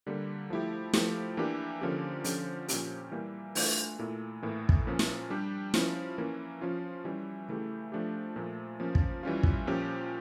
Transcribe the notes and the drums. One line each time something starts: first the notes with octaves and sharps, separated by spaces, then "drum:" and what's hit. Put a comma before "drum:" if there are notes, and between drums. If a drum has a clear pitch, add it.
D3 G3 A#3
F3 A3 E4 G4
F3 A3 E4 G4, drum: snare
E3 A#3 D4 G4
D3 F3 A#3 C#4 G4
D3 F3 C#4 G4, drum: hi-hat
A#2 F3 C#4 G4, drum: hi-hat
E3 G3 A#3
E3 A3 D4 F4, drum: open hi-hat
A#2 A3 E4
A2 E3 A#3 E4
drum: kick
A#2 F3 C#4
drum: snare
G3 D4 G4
F3 C#4 E4, drum: snare
E3 A#3 C#4
F3 C#4 F4
E3 G3 C#4
C#3 E3 A3 E4 G4
F3 A3 D4 G4
A#2 F3 A3
F3 A#3 C#4
drum: kick
E3 G3 C#4 F4
drum: kick
A#2 F3 C#4 G4